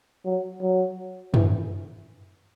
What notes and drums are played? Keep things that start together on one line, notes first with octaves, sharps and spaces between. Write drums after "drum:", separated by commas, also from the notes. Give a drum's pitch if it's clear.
F#3
F#3
E3, drum: tom F#2